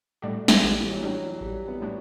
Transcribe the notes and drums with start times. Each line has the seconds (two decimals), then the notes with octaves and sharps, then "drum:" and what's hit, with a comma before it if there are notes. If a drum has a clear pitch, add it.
0.22 A2 G3 A3 D4 F#4
0.48 drum: snare
0.62 A1 G3
0.80 E3
0.89 F#3
1.02 A2 G3 D4 F#4
1.14 F#3
1.31 F#3
1.41 A1 G3
1.68 B3
1.81 A2 G3 D4 F#4